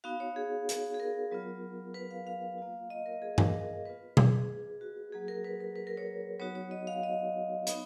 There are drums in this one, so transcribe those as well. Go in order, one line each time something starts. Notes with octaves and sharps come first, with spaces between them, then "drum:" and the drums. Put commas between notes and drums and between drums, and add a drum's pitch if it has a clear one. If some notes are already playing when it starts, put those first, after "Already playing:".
B3 D#4 F#4 F5
C#5
G#4
drum: hi-hat
G#4
A#4
F#3 B3 F4
B4
F5
F5
A#3 F4
D#5
A#4
G#4
A#4, drum: tom G2
B3 F4 B4
G#4, drum: tom B2
F#4
F#3 A#3 D#4 F#4 G#4
A#4
B4
A#4
B4
A#4
C#5
F#3 B3 D#4 F#4 C#5
C#5
D#5
F5
D#5
B3 D#4, drum: hi-hat